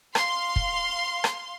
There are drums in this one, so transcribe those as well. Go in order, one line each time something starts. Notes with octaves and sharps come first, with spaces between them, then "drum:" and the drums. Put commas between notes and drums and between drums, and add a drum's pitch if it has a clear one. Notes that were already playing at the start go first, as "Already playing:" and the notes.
F5 C6, drum: rim click
drum: kick
drum: rim click